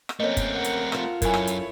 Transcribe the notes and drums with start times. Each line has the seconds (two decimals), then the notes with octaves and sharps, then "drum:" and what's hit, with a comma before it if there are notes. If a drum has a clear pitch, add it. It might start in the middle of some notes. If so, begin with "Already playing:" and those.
0.09 drum: rim click
0.20 A3 A#3 C4 C#4 A#4 D#5
0.37 drum: kick, hi-hat
0.54 A#4 F#5
0.64 drum: hi-hat
0.92 F4 A4, drum: rim click
1.22 F#2 E4 A#4 C#5 G#5, drum: kick, hi-hat
1.34 drum: rim click
1.47 drum: hi-hat